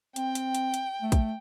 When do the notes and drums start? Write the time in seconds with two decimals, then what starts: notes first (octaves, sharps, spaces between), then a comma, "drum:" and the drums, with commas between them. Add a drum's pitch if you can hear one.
0.16 C4 G5, drum: hi-hat
0.35 drum: hi-hat
0.55 drum: hi-hat
0.74 drum: hi-hat
1.02 A3
1.12 drum: kick, hi-hat